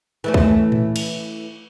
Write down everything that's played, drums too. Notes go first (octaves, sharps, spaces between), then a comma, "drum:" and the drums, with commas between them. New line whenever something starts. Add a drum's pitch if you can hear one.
E3 A3 C#4
drum: kick
drum: tom A2
drum: cymbal